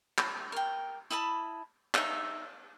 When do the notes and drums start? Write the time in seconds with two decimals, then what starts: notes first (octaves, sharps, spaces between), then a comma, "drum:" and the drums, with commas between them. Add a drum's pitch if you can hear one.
0.18 drum: clap
0.52 A#4 G5
1.11 E4 D#5 A5 B5
1.94 D#4 E5, drum: clap